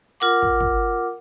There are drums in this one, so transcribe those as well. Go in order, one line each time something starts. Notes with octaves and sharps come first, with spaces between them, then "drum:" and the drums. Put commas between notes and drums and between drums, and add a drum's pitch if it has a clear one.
F4 A#4 F#5 D6
drum: kick
drum: kick